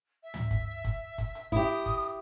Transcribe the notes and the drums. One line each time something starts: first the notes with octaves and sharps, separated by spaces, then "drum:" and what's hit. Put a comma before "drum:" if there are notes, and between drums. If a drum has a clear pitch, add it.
E5
drum: tom
drum: kick, hi-hat
drum: kick, hi-hat
drum: kick, hi-hat
drum: hi-hat
E4 G4 D#6, drum: kick
drum: kick, hi-hat
drum: hi-hat